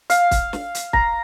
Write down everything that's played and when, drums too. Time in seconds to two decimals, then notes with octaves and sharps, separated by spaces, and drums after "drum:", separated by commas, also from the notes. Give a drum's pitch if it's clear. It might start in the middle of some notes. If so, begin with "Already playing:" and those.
0.10 F5, drum: hi-hat
0.31 drum: kick, hi-hat
0.53 drum: snare
0.75 drum: hi-hat
0.93 A#5, drum: kick